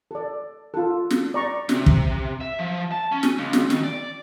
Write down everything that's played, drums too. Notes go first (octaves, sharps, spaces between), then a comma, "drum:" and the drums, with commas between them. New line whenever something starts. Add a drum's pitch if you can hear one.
A4 D5
F4 A4
drum: snare
D5 A#5 C#6
C3, drum: snare
drum: kick
E5
F3
A5
C#4
drum: snare
C#2
drum: snare
D#3, drum: snare
D5